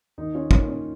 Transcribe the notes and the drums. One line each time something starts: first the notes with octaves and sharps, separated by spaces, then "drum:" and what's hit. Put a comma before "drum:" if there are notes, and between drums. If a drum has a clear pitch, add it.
D#2 D#4
C#4 F4
D#3 A#3 C#4 F4, drum: kick
C#4